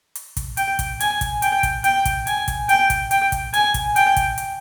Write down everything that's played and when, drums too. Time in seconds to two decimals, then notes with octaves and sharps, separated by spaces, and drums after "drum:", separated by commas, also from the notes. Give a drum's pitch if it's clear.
0.15 drum: hi-hat
0.37 drum: kick, hi-hat
0.57 G5, drum: hi-hat
0.79 drum: kick, hi-hat
1.00 G#5, drum: hi-hat
1.21 drum: kick, hi-hat
1.42 G5, drum: hi-hat
1.63 drum: kick, hi-hat
1.84 G5, drum: hi-hat
2.05 drum: kick, hi-hat
2.27 G#5, drum: hi-hat
2.48 drum: kick, hi-hat
2.69 G5, drum: hi-hat
2.90 drum: kick, hi-hat
3.11 G5, drum: hi-hat
3.32 drum: kick, hi-hat
3.54 G#5, drum: hi-hat
3.74 drum: kick, hi-hat
3.96 G5, drum: hi-hat
4.16 drum: kick, hi-hat
4.38 drum: hi-hat